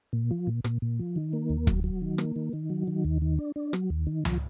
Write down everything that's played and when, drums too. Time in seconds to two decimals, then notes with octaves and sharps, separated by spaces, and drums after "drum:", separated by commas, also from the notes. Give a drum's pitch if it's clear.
0.13 A#2
0.31 F3
0.47 A#2
0.64 A#2, drum: rim click
0.82 A#2
0.99 F3
1.16 D#3
1.33 A#3
1.50 D#2
1.67 F#3, drum: kick
1.84 F#3
2.01 D#3
2.18 A#3, drum: rim click
2.36 D#3
2.53 D#3
2.70 F#3
2.87 D#3
3.05 D#2
3.22 D#3
3.39 D4
3.56 D4
3.73 F#3, drum: rim click
3.90 D#2
4.07 D#3
4.25 F3, drum: tom C#2